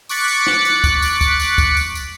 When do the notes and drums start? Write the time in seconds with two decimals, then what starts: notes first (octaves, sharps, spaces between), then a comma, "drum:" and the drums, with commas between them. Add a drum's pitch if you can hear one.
0.09 C#6 D6 F#6 A6 B6 C#7, drum: tambourine
0.28 drum: tambourine
0.47 drum: snare
0.65 drum: tambourine
0.84 drum: kick, tambourine
1.02 drum: tambourine
1.21 drum: kick, tambourine
1.40 drum: tambourine
1.58 drum: kick, tambourine
1.77 drum: tambourine
1.95 drum: tambourine